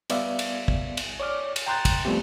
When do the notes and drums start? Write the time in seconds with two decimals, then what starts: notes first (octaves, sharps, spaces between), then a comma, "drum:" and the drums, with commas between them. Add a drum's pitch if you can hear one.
0.10 G3 B3 D5 E5 F5, drum: cymbal
0.39 drum: cymbal
0.68 drum: kick
0.97 drum: cymbal
1.20 C#5 D5 D6 F6
1.56 drum: cymbal
1.67 G5 A#5 C6 F#6 G6 A6
1.85 drum: kick, cymbal
2.05 F3 G3 A3 B3 C4 G4